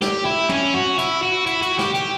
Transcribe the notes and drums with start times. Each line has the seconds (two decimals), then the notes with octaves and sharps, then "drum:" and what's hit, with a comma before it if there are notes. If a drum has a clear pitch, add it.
0.01 G4, drum: snare
0.25 E4
0.49 C#4, drum: tom
0.74 F#4
0.98 E4, drum: hi-hat
1.22 F#4
1.46 E4, drum: hi-hat
1.62 F#4, drum: hi-hat
1.79 G4, drum: snare
1.95 G4, drum: hi-hat